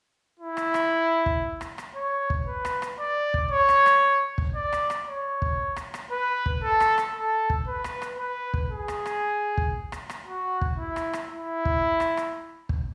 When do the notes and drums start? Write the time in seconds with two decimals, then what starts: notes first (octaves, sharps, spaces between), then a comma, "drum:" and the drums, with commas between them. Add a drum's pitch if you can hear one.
0.40 E4
0.57 drum: rim click
0.74 drum: rim click
1.26 drum: kick
1.61 drum: rim click
1.78 drum: rim click
1.96 C#5
2.30 drum: kick
2.47 B4
2.65 drum: rim click
2.82 drum: rim click
2.99 D5
3.34 drum: kick
3.51 C#5
3.69 drum: rim click
3.86 drum: rim click
4.38 drum: kick
4.55 D5
4.73 drum: rim click
4.90 drum: rim click
5.07 C#5
5.42 drum: kick
5.76 drum: rim click
5.94 drum: rim click
6.11 B4
6.46 drum: kick
6.63 A4
6.80 drum: rim click
6.98 drum: rim click
7.15 A4
7.50 drum: kick
7.68 B4
7.84 drum: rim click
8.02 drum: rim click
8.18 B4
8.54 drum: kick
8.71 G#4
8.88 drum: rim click
9.06 drum: rim click
9.58 drum: kick
9.92 drum: rim click
10.09 drum: rim click
10.27 F#4
10.61 drum: kick
10.78 E4
10.96 drum: rim click
11.13 drum: rim click
11.31 E4
11.65 drum: kick
12.00 drum: rim click
12.17 drum: rim click
12.69 drum: kick